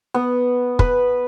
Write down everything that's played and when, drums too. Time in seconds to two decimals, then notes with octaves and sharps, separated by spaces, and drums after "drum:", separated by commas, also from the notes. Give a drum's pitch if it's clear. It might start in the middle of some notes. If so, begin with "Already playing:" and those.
0.14 B3
0.79 B4, drum: kick